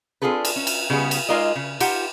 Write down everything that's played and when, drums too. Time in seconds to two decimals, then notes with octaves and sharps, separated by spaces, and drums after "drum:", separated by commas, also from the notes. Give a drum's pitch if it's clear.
0.22 C4 D4 F4 G#4 A4 B4
0.45 drum: cymbal
0.56 C#4
0.67 drum: cymbal
0.90 C#3 G3 B3 G#4
1.11 drum: cymbal
1.29 G#3 D#4 F4 A#4 D5 D#5
1.56 C#3
1.80 D#4 F4 G4 F#5 G5, drum: cymbal